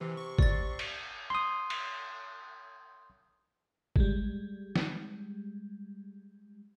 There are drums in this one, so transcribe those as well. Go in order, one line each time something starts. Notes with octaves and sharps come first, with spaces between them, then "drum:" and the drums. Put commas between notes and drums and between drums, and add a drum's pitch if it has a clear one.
C3 E3
C#6
D5 A6, drum: kick G#1
drum: cymbal
C6 D#6
drum: cymbal
G3 G#3, drum: kick G#1
drum: snare